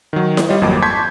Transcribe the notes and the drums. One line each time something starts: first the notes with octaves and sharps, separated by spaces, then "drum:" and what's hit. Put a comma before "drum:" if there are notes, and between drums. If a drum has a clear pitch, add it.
D#3 F#3
drum: snare E4
G3 F4 C#5 D#5
G#1 F2 F#3 A#3 D6
A5 C6 C#6 G6 G#6 B6